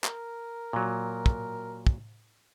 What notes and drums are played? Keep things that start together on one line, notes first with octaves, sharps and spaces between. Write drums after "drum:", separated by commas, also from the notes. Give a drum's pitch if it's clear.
A#4, drum: clap
A#2 F#3
drum: kick
drum: kick